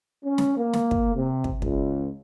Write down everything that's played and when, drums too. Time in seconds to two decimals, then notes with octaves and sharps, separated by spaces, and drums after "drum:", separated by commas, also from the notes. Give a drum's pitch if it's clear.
0.23 C#4
0.38 drum: snare
0.56 A#3
0.73 drum: snare
0.91 drum: kick
1.15 C3
1.44 drum: kick
1.62 C#2, drum: kick